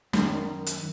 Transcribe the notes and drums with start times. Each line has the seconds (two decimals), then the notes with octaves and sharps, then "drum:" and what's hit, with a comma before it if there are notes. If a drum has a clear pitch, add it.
0.13 F#2 D#3, drum: snare
0.66 drum: hi-hat